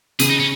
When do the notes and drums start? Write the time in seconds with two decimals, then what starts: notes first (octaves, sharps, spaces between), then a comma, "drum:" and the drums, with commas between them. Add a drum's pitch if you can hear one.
0.19 C#3 G#4, drum: hi-hat
0.30 D#4
0.40 C#4